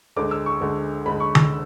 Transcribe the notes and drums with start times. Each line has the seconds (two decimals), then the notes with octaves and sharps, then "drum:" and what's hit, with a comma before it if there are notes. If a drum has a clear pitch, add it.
0.16 D2 D3 G#3 D6
0.31 E6
0.46 C#6
0.61 D2 D3 G#3
1.06 D2 D3 G#3 B5
1.20 C#6
1.35 E6, drum: tom D3